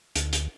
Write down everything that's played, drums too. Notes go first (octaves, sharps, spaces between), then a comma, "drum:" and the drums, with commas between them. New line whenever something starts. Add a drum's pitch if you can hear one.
D2, drum: hi-hat
drum: hi-hat